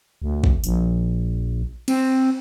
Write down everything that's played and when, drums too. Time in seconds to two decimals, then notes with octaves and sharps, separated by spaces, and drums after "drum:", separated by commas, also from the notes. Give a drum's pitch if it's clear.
0.22 D2
0.44 drum: kick G#1
0.64 A#1, drum: tambourine
1.88 C4, drum: cymbal